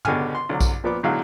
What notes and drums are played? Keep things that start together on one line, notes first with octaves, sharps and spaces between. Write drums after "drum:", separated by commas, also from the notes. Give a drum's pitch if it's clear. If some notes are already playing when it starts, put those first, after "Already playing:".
C#2 B2 D3 G4 G#5 F6, drum: tom
C6
C2 D3 F#3
drum: kick A#1, tambourine
A#2 F3 B3 D5 D6
B1 A2 D3 F#3 G#3 F5